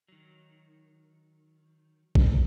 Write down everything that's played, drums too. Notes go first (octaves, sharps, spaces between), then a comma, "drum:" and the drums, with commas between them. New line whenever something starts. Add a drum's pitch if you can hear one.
D#3 F#3
drum: kick A#1